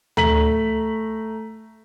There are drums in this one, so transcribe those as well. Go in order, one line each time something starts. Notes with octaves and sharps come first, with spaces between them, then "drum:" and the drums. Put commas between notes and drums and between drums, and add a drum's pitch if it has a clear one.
A3 A#5 B6 F#7, drum: tom D2